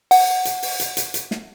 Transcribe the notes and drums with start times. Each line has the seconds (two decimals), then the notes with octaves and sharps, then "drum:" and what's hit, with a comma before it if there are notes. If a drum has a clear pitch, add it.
0.11 F#5, drum: open hi-hat
0.45 drum: hi-hat
0.62 drum: open hi-hat
0.80 drum: hi-hat
0.97 drum: hi-hat
1.14 drum: hi-hat
1.31 drum: snare